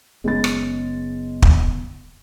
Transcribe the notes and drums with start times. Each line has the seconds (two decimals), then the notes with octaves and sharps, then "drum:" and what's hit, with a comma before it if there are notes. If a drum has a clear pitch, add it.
0.24 F#1 G#3 B3 C#4 A6
0.44 drum: rim click
1.42 drum: kick